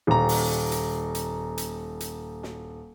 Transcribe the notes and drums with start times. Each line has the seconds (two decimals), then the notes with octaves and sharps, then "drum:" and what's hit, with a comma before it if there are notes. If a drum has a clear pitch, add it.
0.07 D#1 A#5
0.29 drum: open hi-hat
0.72 drum: hi-hat
1.15 drum: hi-hat
1.58 drum: hi-hat
2.00 drum: hi-hat
2.43 drum: snare